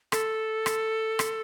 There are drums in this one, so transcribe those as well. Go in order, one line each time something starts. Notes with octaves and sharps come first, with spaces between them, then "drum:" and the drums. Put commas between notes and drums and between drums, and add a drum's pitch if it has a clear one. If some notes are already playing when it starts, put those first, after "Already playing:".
A4, drum: rim click
drum: rim click
drum: rim click